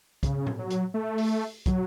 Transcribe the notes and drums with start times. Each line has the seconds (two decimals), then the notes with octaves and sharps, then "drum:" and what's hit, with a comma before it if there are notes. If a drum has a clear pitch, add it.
0.23 C#3, drum: kick, hi-hat
0.47 drum: tom A2
0.59 F#3
0.70 drum: hi-hat
0.94 A3
1.18 drum: open hi-hat
1.66 F#3, drum: kick, hi-hat